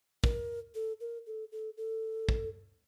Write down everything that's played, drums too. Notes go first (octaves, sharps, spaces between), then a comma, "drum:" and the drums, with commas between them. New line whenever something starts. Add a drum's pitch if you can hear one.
A#4, drum: kick
A4
A#4
A4
A4
A4
drum: kick